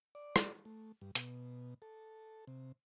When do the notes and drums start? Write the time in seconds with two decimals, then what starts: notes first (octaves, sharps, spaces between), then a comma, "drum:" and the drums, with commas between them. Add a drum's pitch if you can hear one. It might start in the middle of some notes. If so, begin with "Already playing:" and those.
0.15 D5
0.36 drum: rim click
0.65 A3
1.01 G2
1.15 B2, drum: hi-hat
1.82 A4
2.47 C3